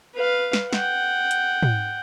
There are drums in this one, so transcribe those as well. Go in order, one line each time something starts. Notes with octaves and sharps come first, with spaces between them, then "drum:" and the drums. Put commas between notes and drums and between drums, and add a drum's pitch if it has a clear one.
B4 F5
drum: snare
F#5 G5, drum: snare
drum: hi-hat
drum: tom